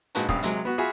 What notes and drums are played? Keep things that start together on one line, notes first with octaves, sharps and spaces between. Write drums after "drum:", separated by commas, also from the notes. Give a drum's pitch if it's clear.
A#1 G#3 D#4 F#4 B4 A5, drum: hi-hat
A#1 F#2 G3 F5 D#6, drum: kick
C3 F#3 G#3, drum: hi-hat
B3 F#4
F4 F#4 G#4 E5 G#5 B5